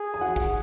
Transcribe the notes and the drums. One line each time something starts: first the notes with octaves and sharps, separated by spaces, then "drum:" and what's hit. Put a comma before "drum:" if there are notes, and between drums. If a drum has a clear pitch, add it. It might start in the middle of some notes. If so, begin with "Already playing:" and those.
Already playing: G#4
G#5
F#4 F#5
drum: kick